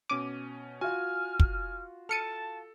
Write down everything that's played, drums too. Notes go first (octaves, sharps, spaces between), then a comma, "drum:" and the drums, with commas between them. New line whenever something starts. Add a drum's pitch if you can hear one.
B2 C#4 D6 D#7
F4 F#4 G#5 F6
drum: kick
A4 A5 F6 C#7 D#7